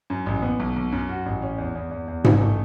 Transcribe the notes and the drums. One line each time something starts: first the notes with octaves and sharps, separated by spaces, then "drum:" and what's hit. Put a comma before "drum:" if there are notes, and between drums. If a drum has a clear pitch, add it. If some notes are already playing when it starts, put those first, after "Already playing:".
F#2
A1
B3
B1
B1
F#2
F#4
A1
C#4
E2
E2
E2
E2
A1, drum: tom G#2
A3